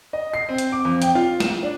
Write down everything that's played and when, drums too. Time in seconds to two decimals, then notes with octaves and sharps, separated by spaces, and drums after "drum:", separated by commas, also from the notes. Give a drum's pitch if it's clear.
0.13 D#5
0.34 C7
0.49 C4
0.58 drum: hi-hat
0.72 D6
0.85 F2
1.02 G5, drum: hi-hat
1.15 F4
1.40 E7, drum: snare
1.63 D4